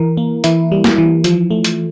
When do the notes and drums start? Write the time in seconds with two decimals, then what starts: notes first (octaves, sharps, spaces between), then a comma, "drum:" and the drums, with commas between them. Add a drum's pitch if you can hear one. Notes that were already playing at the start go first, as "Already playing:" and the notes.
Already playing: E3 A#4
0.17 A#3
0.44 E3 E4, drum: hi-hat
0.72 G3
0.84 drum: snare
0.98 E3
1.24 F3, drum: hi-hat
1.51 A3
1.64 drum: hi-hat